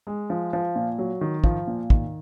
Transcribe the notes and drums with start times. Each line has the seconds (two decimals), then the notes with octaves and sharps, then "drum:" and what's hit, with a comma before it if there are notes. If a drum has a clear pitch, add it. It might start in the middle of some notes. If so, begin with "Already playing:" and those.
0.07 G#3
0.30 F3
0.53 F3
0.76 A#2
0.99 F#3
1.21 D#3
1.44 F3, drum: kick
1.67 A#2
1.90 D#3, drum: kick